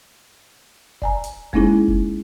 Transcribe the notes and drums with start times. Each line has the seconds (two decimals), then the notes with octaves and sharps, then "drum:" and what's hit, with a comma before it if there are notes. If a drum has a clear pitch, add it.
1.02 D5 G#5 A#5, drum: kick F1
1.24 drum: hi-hat
1.53 G#3 A#3 C#4 D#4 E4 G#4, drum: kick F1
1.88 drum: kick F1